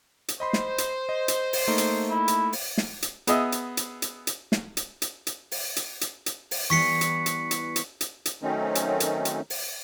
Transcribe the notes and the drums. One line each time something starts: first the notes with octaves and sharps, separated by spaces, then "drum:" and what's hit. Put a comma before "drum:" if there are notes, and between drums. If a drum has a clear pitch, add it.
drum: hi-hat
C5 D#5 B5 C6
drum: snare
drum: hi-hat
D#5
drum: hi-hat
drum: open hi-hat
A3 A#3 D#4
drum: hi-hat
E4
drum: hi-hat
drum: open hi-hat
drum: snare
drum: hi-hat
B3 G#4 D#5 E5, drum: hi-hat
drum: hi-hat
drum: hi-hat
drum: hi-hat
drum: hi-hat
drum: snare
drum: hi-hat
drum: hi-hat
drum: hi-hat
drum: open hi-hat
drum: hi-hat
drum: hi-hat
drum: hi-hat
drum: open hi-hat
E3 G3 B3 C#6 B6 C#7
drum: hi-hat
drum: hi-hat
drum: hi-hat
drum: hi-hat
drum: hi-hat
drum: hi-hat
D#3 F#3 A3 C4 C#4 D#4
drum: hi-hat
drum: hi-hat
drum: hi-hat
drum: open hi-hat